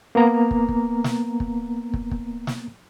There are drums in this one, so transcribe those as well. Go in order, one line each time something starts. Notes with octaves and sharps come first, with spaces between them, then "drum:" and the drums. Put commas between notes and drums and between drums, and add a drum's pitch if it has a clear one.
A#3 B3 A#5
drum: kick
drum: kick
drum: snare
drum: kick
drum: kick
drum: kick
drum: snare